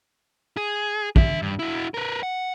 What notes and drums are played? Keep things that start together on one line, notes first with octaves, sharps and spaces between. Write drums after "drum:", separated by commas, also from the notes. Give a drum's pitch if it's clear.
G#4
D4 E5, drum: kick
G2
E4 F#4
A#4 B4
F#5